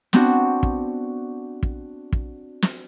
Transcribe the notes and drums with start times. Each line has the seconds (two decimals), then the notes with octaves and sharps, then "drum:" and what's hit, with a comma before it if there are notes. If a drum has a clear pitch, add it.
0.13 B3 C4 D4 F#4, drum: snare
0.63 drum: kick
1.63 drum: kick
2.13 drum: kick
2.62 drum: snare